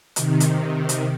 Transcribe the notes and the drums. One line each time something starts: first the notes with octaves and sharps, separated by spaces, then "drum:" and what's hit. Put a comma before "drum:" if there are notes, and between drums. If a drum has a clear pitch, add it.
C3 D#3, drum: hi-hat
drum: hi-hat
drum: hi-hat